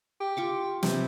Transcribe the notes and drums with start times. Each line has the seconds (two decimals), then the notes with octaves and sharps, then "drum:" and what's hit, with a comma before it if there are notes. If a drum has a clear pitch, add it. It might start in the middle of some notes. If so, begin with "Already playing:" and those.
0.20 G4
0.37 F4 C#6 D6
0.83 C3 B4, drum: snare